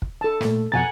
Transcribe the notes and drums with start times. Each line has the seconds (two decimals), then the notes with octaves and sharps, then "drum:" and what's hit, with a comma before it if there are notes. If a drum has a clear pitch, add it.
0.02 drum: kick
0.21 A4 A5
0.41 A#2 A3, drum: snare
0.72 F2 B2 F#5 G#5 A#5 A6